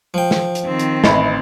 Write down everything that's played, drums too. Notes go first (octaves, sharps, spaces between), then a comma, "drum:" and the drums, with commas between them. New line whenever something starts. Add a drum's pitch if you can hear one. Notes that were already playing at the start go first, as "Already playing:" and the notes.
F3 G5
drum: snare
drum: hi-hat
D#3 C4
drum: hi-hat
A1 D#5 E5 B5, drum: snare